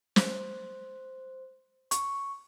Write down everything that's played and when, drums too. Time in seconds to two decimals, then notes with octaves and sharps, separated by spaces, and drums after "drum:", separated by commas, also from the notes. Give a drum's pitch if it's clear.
0.16 C5, drum: snare
1.91 C#6, drum: hi-hat